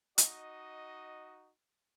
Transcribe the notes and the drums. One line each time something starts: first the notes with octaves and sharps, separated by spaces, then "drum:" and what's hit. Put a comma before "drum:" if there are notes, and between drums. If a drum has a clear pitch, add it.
D#4 F#4 D#5, drum: hi-hat